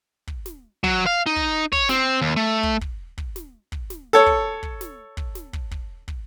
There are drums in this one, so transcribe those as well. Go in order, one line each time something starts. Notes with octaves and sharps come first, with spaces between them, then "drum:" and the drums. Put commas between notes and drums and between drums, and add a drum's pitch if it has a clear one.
drum: kick
drum: snare
F#3, drum: kick
F5
D#4
drum: kick
C#5, drum: kick
C4, drum: snare
D#2
A3
drum: kick
drum: kick
drum: kick
drum: snare
drum: kick
drum: snare
A4 C#5
drum: kick
drum: kick
drum: snare
drum: kick
drum: snare
drum: kick
drum: kick
drum: kick